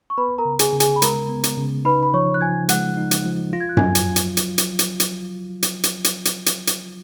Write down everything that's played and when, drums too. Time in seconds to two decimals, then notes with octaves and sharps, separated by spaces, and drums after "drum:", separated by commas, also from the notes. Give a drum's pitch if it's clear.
0.10 C#6
0.18 B3 B4 B5
0.38 A#4 A#5
0.45 C#3
0.59 G#4 G#5, drum: hi-hat
0.73 C#3
0.80 G#4 G#5, drum: hi-hat
0.96 B5
1.02 G#3 A#4 A#5, drum: hi-hat
1.29 B3
1.44 drum: hi-hat
1.57 C#3
1.85 D#4 B4 B5
2.03 B5
2.14 F3 C#5 C#6
2.34 F#6
2.41 F3 G#5 G#6
2.69 G#3 F#5 F#6, drum: hi-hat
2.97 D#4
3.11 drum: hi-hat
3.26 F3
3.53 F4 A#6
3.60 G#6
3.69 F#6
3.77 F#3 G#5 G#6, drum: tom F#2
3.95 drum: hi-hat
4.16 drum: hi-hat
4.37 drum: hi-hat
4.58 drum: hi-hat
4.79 drum: hi-hat
5.00 drum: hi-hat
5.63 drum: hi-hat
5.83 drum: hi-hat
6.04 drum: hi-hat
6.25 drum: hi-hat
6.46 drum: hi-hat
6.67 drum: hi-hat